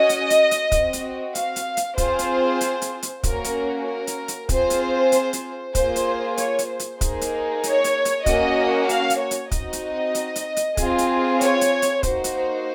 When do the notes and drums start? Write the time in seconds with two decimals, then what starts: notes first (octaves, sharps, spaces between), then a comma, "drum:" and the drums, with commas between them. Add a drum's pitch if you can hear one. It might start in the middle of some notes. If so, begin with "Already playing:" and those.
Already playing: C#4 F#4 D#5
0.09 drum: hi-hat
0.30 drum: hi-hat
0.51 drum: hi-hat
0.72 C4 F#4, drum: kick, hi-hat
0.93 drum: hi-hat
1.35 F5, drum: hi-hat
1.56 drum: hi-hat
1.77 drum: hi-hat
1.98 C4 F4 G#4 C5, drum: kick, hi-hat
2.19 drum: hi-hat
2.61 drum: hi-hat
2.82 drum: hi-hat
3.03 drum: hi-hat
3.23 A#3 C#4 F#4 A#4, drum: kick, hi-hat
3.44 drum: hi-hat
3.86 A#4
4.07 drum: hi-hat
4.28 drum: hi-hat
4.49 C4 F4 G#4 C5, drum: kick, hi-hat
4.70 drum: hi-hat
5.12 drum: hi-hat
5.33 drum: hi-hat
5.75 A#3 F4 G#4 C5, drum: kick, hi-hat
5.96 drum: hi-hat
6.37 C#5, drum: hi-hat
6.59 drum: hi-hat
6.69 C5
6.80 drum: hi-hat
7.01 A#3 D#4 G#4, drum: kick, hi-hat
7.21 drum: hi-hat
7.64 C#5, drum: hi-hat
7.84 drum: hi-hat
8.05 drum: hi-hat
8.26 A#3 C#4 F#4 D#5, drum: kick, hi-hat
8.89 F5, drum: hi-hat
9.10 drum: hi-hat
9.20 C#5
9.31 drum: hi-hat
9.51 C4 D#4 F#4 D#5, drum: kick, hi-hat
9.73 drum: hi-hat
10.15 drum: hi-hat
10.36 drum: hi-hat
10.57 drum: hi-hat
10.77 C4 F4 G#4, drum: kick, hi-hat
10.98 drum: hi-hat
11.41 C#5, drum: hi-hat
11.61 drum: hi-hat
11.82 drum: hi-hat
12.03 A#3 D#4 F#4 C5, drum: kick, hi-hat
12.24 drum: hi-hat